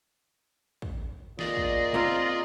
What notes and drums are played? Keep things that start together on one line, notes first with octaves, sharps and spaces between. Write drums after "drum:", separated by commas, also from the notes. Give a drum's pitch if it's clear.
drum: kick
A#2 G#4 D5 D#5, drum: snare
drum: kick
A#3 C4 F4 A#4